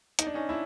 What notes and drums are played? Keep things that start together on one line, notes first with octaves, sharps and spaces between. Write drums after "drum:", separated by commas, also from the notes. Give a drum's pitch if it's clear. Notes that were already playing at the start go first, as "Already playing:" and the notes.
D#4, drum: hi-hat
D4
C#4 D#4
D4 E4